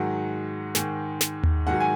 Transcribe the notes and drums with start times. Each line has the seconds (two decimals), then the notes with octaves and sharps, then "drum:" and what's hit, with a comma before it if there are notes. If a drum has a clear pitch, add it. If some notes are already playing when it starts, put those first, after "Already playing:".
Already playing: G#2 D#3 F#3 F#5
0.75 G#2 D#3 G#3, drum: snare
1.21 drum: snare
1.44 drum: tom D#2
1.67 G#2 D#3 F#3 F#5
1.80 G#5